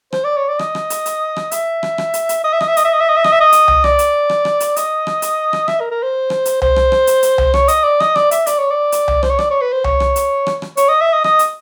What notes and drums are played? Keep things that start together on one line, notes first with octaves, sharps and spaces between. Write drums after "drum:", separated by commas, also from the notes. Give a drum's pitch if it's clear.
C5, drum: rim click
D5
C#5
D5
D#5, drum: rim click
drum: rim click
drum: hi-hat
drum: hi-hat
drum: rim click
E5, drum: hi-hat
drum: rim click
drum: rim click
drum: hi-hat
drum: hi-hat
D#5
E5
D#5, drum: rim click
E5
D#5, drum: hi-hat
E5
D#5
E5
D#5
E5
D#5, drum: rim click
E5
D#5
drum: hi-hat
drum: tom C2
D5, drum: rim click
drum: hi-hat
drum: rim click
drum: rim click
drum: hi-hat
D#5, drum: hi-hat
drum: rim click
drum: hi-hat
drum: rim click
E5, drum: rim click
A#4
A#4
C5
drum: rim click
drum: hi-hat
C5, drum: tom C2
drum: rim click
drum: rim click
drum: hi-hat
drum: hi-hat
drum: tom C2
C#5, drum: rim click
D#5, drum: hi-hat
D5
D#5, drum: rim click
D5, drum: rim click
E5, drum: hi-hat
D5, drum: hi-hat
C#5
D5
drum: hi-hat
drum: tom C2
C5, drum: rim click
C#5
D5, drum: rim click
C#5
B4
C5
C#5, drum: tom C2
drum: rim click
drum: hi-hat
drum: rim click
drum: rim click
C#5, drum: hi-hat
D#5
E5
D#5
D#5, drum: rim click
drum: hi-hat